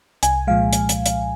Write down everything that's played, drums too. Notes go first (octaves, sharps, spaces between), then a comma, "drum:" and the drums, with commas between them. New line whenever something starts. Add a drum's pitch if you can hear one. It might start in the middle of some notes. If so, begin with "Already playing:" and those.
C2 G#5, drum: hi-hat
A#2 F3 G#3 F5
drum: hi-hat
drum: hi-hat
drum: hi-hat